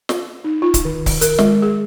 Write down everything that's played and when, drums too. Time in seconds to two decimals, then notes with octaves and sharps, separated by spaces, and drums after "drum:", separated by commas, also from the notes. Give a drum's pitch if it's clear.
0.09 drum: snare
0.44 D#4
0.62 F4
0.74 drum: kick C#1, hi-hat
0.85 D#3
1.06 drum: kick C#1, open hi-hat
1.21 A#4, drum: hi-hat
1.39 G#3, drum: snare
1.62 G#4